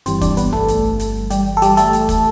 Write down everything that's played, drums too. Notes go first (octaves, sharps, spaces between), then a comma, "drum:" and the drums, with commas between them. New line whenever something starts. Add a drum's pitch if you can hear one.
G1 G2 E3 G3 C4 C5, drum: hi-hat
D4 D5, drum: kick, hi-hat
B3 B4, drum: hi-hat
A3 A4, drum: tom B1
drum: hi-hat
drum: hi-hat
G3 G4, drum: hi-hat
A4
G3 G4, drum: hi-hat
A3 A4, drum: hi-hat
drum: hi-hat
drum: kick, hi-hat